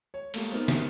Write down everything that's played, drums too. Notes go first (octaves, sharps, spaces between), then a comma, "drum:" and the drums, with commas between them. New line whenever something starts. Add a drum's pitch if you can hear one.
C#5
A3 A#3 G4, drum: cymbal
B3 C4 D#4 G4 A#4 C5
drum: snare